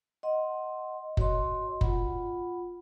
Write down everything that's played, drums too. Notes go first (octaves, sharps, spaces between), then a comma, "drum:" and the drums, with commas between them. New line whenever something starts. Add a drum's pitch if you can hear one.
D#5 F#5 C6
F#4 C#5 D#5 C6, drum: kick F#1
F4 F#5 B5, drum: kick F#1